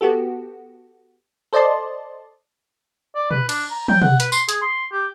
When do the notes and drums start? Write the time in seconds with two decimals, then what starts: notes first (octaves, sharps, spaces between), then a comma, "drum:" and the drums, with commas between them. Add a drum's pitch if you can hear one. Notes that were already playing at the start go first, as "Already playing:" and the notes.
0.01 B3 F#4 G4 A4
1.53 A4 C5 D5 D#5 A5 C6
3.15 D5
3.31 B4, drum: tom
3.49 D4, drum: cymbal
3.71 A#5
3.88 G5, drum: tom
4.02 F#5, drum: tom
4.20 B4, drum: hi-hat
4.32 C6, drum: tambourine
4.49 G#4, drum: hi-hat
4.62 C6
4.92 G4